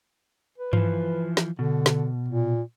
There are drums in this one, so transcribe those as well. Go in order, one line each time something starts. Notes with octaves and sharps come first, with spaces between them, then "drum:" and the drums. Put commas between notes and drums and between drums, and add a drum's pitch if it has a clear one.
B4
E3 F3, drum: tom G2
drum: snare
B2 D3
drum: snare
A#2